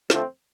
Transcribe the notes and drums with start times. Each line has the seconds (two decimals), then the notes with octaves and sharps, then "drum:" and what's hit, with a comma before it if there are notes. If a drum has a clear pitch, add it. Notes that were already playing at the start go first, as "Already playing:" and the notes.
0.10 F2 D3 F3 A3 C4, drum: snare